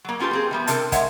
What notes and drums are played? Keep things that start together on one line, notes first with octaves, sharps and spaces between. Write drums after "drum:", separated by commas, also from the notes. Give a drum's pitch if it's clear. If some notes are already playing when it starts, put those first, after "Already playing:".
F#3 A#3
B3 C#4 F4 G4 A4 B4
A#3 C4 G#4
E3 G3 B3
C3 D4 A4 A#4, drum: hi-hat
D3 G#3 C#5 E5 F#5, drum: kick, hi-hat